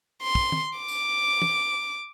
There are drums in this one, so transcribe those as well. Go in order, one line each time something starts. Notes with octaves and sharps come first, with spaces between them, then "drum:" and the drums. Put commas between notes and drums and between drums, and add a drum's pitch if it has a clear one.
C6
drum: kick
drum: tom
D6
drum: tambourine
drum: tom